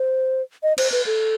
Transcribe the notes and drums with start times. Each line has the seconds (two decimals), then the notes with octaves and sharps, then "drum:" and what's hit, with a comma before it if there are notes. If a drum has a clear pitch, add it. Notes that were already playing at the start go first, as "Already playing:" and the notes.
Already playing: C5
0.63 D#5
0.78 C5, drum: cymbal
0.92 B4
1.06 A4